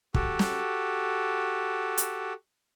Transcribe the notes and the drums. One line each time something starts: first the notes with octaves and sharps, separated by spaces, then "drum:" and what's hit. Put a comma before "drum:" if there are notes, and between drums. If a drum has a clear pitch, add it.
F#4 G4 A4, drum: kick
drum: snare
drum: hi-hat